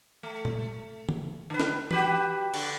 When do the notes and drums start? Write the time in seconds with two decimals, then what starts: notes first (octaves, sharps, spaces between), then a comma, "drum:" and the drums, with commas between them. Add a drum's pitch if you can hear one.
0.23 A3
0.45 drum: tom A#2
1.09 drum: tom
1.50 D3 B4
1.60 drum: snare
1.91 F#4 G4 B4, drum: tom E3
2.54 D3, drum: cymbal